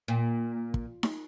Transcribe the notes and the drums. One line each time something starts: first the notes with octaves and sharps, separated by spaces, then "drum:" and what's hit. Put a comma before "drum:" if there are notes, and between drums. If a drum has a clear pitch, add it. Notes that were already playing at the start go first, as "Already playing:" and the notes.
A#2
drum: kick
drum: snare D#4